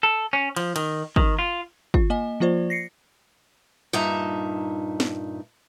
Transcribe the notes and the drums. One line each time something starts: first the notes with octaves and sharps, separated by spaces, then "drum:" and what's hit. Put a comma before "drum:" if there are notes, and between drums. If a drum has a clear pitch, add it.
A4
C#4
F3, drum: cymbal
D#3, drum: cymbal
D#3, drum: kick
F4
F4, drum: kick
A#3 D#5 G#5
F3 A#3 F4 C5 D5
A#6 C7 C#7
G2 A#2 D#4 E5 A5 A#5
drum: snare